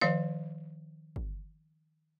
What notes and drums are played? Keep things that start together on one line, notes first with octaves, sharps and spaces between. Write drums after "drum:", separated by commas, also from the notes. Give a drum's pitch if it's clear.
D#3 F3 C#5 F5, drum: snare
drum: kick